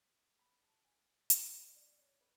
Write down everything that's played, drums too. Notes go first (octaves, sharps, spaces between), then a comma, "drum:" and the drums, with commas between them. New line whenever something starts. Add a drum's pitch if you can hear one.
B5
A5
G#5
F5, drum: hi-hat
D5
D5
C#5
B4